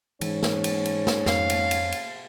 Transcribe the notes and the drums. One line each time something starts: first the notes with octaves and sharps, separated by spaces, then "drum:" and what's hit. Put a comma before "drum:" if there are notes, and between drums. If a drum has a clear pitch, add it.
G#2 E3 C#4, drum: cymbal
drum: snare
drum: cymbal
drum: cymbal
drum: snare
F2 F5, drum: snare
drum: cymbal
drum: cymbal
drum: cymbal